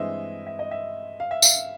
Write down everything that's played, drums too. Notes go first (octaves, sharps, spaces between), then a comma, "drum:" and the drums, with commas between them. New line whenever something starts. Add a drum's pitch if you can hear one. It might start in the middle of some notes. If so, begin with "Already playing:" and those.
Already playing: G2 E3 G#3 C4 D#5 E5
E5
D#5
E5
F5
E5
F5, drum: tambourine